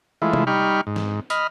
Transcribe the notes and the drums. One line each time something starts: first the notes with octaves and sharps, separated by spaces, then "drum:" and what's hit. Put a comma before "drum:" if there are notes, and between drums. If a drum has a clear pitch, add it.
E3 G#3 A3 E4 F4
drum: tom C3
G3 D#4 G5 B5 C#6 F6
G#2
drum: snare
D#5 B5 F6, drum: hi-hat